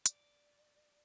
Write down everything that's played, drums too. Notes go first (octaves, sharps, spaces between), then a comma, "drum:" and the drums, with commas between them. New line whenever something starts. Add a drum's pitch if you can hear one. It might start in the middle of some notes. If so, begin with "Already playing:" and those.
D5, drum: hi-hat